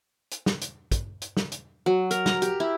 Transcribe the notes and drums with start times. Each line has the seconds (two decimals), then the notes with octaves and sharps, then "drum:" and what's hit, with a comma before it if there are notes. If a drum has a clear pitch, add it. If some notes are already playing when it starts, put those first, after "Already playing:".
0.31 drum: hi-hat
0.46 drum: snare
0.61 drum: hi-hat
0.91 drum: kick, hi-hat
1.22 drum: hi-hat
1.37 drum: snare
1.52 drum: hi-hat
1.86 F#3
2.11 A#4, drum: hi-hat
2.26 A#5, drum: snare
2.42 G4, drum: hi-hat
2.60 E4